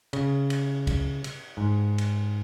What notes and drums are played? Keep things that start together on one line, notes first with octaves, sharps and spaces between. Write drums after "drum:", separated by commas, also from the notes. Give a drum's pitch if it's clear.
C#3, drum: cymbal
drum: cymbal
drum: kick, cymbal
drum: cymbal
G#2
drum: cymbal